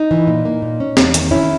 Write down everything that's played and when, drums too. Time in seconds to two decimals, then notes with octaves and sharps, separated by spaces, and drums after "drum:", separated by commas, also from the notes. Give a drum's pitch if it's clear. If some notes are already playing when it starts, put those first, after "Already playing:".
Already playing: D#4
0.11 E3
0.27 A#2
0.45 A#3
0.62 A#2
0.80 C#4
0.97 E2, drum: snare
1.14 D#3, drum: hi-hat
1.31 C#4 E4